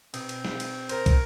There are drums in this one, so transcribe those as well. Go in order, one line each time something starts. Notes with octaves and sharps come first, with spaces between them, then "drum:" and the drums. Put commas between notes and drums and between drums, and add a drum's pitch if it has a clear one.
B2 C4, drum: cymbal
drum: cymbal
drum: snare
drum: cymbal
A#4 C5, drum: cymbal
drum: kick, cymbal